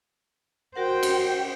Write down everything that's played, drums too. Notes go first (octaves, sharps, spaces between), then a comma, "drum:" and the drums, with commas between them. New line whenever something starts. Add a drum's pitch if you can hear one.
F#4 A#4 C5 F#5 G5
drum: cymbal